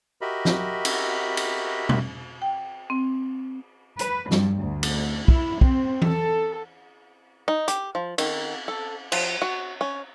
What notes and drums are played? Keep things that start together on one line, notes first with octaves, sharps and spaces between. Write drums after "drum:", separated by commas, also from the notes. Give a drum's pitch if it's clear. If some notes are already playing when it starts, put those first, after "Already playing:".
F#4 G4 A#4 D#5 E5 B5
drum: snare
drum: cymbal
drum: cymbal
drum: tom
G5
C4
B4, drum: hi-hat
G2, drum: snare
D2
drum: cymbal
E4, drum: kick
C4, drum: kick
A4, drum: tom E3
D#4
G4, drum: hi-hat
F3
D#3, drum: cymbal
A4
F3, drum: cymbal
F#4
C#4